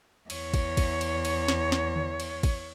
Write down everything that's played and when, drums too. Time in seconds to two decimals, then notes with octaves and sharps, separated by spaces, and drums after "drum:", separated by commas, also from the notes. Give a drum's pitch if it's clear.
0.30 E2 C#5, drum: cymbal
0.54 drum: kick, cymbal
0.77 drum: kick, cymbal
1.01 drum: cymbal
1.25 drum: cymbal
1.48 drum: snare
1.72 drum: snare
1.96 drum: tom D3
2.20 drum: cymbal
2.43 drum: kick, cymbal